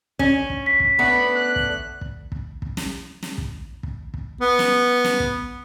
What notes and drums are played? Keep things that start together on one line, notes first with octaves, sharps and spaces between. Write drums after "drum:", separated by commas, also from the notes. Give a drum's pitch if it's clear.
C#4, drum: kick
drum: kick
B6
drum: kick
A3 B3 D4 B5
F#6
drum: kick
drum: kick
drum: kick
drum: kick
drum: snare
drum: snare
drum: kick
drum: kick
drum: kick
B3
drum: snare
drum: snare
drum: kick